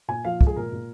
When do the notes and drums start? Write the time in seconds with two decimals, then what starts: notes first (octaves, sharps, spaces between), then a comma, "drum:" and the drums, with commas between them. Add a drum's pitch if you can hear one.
0.08 A#2 G#5
0.25 F3 F5
0.41 G#3, drum: kick
0.47 G#4
0.56 A#2 A#4
0.72 A#2